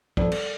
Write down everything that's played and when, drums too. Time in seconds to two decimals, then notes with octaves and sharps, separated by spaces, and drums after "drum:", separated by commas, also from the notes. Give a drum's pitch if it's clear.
0.17 F2 D5, drum: kick
0.32 drum: cymbal